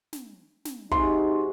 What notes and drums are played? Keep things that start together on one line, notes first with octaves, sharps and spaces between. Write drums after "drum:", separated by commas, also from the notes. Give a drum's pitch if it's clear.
drum: snare
drum: snare
C3 G#3 D#4 F#4 C6, drum: kick